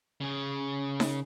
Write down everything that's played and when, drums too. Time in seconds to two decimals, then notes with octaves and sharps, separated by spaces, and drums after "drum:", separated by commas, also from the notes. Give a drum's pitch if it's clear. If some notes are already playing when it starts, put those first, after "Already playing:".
0.21 C#3 G#4
1.00 drum: snare D#4